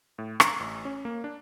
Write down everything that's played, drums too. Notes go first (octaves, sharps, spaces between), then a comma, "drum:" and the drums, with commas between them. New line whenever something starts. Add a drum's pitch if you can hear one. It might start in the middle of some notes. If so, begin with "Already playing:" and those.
A2
A#5, drum: rim click
A1
C#4
A#3
D4